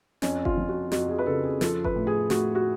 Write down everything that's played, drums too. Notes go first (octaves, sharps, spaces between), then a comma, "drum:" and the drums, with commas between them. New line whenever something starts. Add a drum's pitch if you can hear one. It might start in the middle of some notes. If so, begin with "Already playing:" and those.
F2 C#4, drum: snare
F4, drum: kick G1
F3
F#4
F2 F#4, drum: snare
G#4
B4
C#3 A4
G#4
F3 A4, drum: snare
B4, drum: kick G1
A2
G#4
A2 F#4, drum: snare
F#4